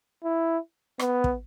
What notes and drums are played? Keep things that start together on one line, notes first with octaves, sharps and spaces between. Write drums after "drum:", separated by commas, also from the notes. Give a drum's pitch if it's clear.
E4
B3, drum: rim click
drum: kick